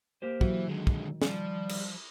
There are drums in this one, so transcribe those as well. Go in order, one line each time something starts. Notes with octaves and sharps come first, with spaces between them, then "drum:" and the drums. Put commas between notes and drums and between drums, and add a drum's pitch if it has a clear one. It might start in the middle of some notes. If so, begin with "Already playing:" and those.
A#3 G4 C5
E3 F#3 E4 F#4, drum: kick
D3 D#3 G#3
drum: kick
F3 G3, drum: snare
drum: cymbal